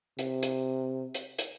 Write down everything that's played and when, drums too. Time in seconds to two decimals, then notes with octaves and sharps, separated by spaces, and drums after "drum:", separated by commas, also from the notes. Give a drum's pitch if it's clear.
0.19 C3, drum: hi-hat
0.43 drum: hi-hat
1.15 drum: hi-hat
1.38 drum: hi-hat